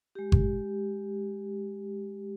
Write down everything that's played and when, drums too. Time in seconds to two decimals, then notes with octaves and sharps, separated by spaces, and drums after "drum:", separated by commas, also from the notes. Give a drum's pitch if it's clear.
0.15 G#3 G4
0.32 drum: kick G1